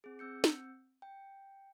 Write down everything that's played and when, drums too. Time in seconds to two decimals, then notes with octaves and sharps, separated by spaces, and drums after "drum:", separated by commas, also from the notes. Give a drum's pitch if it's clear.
0.04 C4 G#4
0.19 C4 E6 G6 C#7
0.44 drum: snare
1.02 G5